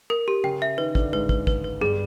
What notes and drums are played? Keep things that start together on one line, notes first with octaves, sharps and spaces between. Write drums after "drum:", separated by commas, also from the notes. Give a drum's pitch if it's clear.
A#4
G4
C#3 C#4 G5
E5
D#3 D#4 B4
D3 D4 B4, drum: kick
G#2 G#3 B4
B4, drum: kick
B4, drum: kick
B4
G2 G3 G#4